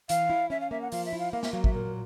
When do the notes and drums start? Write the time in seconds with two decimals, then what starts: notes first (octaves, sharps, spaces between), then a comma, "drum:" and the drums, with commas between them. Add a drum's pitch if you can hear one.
0.09 E3 F5, drum: hi-hat
0.30 E4
0.50 C#4 E5
0.61 F5
0.71 A#3 E5
0.81 F#5
0.92 F3 F5, drum: open hi-hat
1.06 E5
1.13 E4
1.19 F5
1.33 A#3 F5
1.43 E5, drum: snare
1.53 F#3 F5
1.64 E5, drum: kick
1.74 A#2 A#4